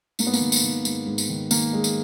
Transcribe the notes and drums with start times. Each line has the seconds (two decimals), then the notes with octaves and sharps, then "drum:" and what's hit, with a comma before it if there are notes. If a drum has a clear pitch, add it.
0.19 G#2 A#3, drum: tambourine
0.27 B3
0.34 A#3, drum: tambourine
0.41 D#3
0.52 drum: tambourine
0.64 D#3
0.85 G#2, drum: tambourine
1.06 G#2
1.18 drum: tambourine
1.30 D#3
1.51 D#3 A#3, drum: tambourine
1.73 G#2 G#3
1.84 drum: tambourine